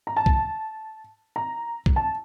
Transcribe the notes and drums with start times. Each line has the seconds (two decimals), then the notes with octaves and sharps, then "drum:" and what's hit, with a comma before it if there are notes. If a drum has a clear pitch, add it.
0.07 A#5
0.16 A5
0.26 drum: kick
1.36 A#5
1.86 drum: kick
1.96 A5